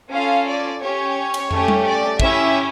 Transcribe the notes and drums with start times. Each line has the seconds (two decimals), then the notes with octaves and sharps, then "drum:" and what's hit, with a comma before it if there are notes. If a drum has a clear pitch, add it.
0.12 C#4 F4 A4 F5
0.46 D5
0.81 C#4 G4 C#5
1.34 drum: cymbal
1.51 A3 C#4 G4, drum: tom
1.68 drum: tom G3
1.85 D5
2.20 C#4 E4 G4 E5, drum: kick